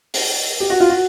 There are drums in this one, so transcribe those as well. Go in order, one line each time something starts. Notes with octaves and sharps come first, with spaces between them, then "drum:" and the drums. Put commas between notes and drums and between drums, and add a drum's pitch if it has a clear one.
drum: open hi-hat
G4
F#4
F4
F#4